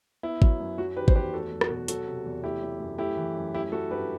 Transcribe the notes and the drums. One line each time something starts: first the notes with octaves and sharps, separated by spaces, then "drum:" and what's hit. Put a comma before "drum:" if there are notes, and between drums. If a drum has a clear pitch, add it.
B3 E4
F#3, drum: kick G#1
F#2
F#3 F#4
D#3 G4 B4
C5, drum: kick G#1
E2 G4 B4
A3 F#4 A4
F#3
F#4, drum: rim click
B2
F#3 F#4 A4, drum: hi-hat
C3
E2
A3 E4 G4
F#3
F#2
A3 E4 G4
E3
F#2
A3 E4 G4
F#3 F#4 A4
G2 G4 B4